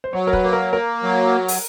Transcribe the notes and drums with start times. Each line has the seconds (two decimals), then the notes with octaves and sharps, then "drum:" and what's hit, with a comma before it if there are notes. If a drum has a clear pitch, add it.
0.04 C5
0.13 F#3 C#5
0.27 A#4
0.33 B4, drum: kick
0.43 A#3
0.53 A#4
0.73 A#3 A#4
1.03 F#3
1.48 drum: open hi-hat